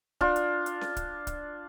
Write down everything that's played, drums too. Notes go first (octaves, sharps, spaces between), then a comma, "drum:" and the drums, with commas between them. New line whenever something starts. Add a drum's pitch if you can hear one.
D4 F4, drum: kick C#1
drum: hi-hat
drum: hi-hat
drum: snare C#4
drum: kick C#1, hi-hat
drum: kick C#1, hi-hat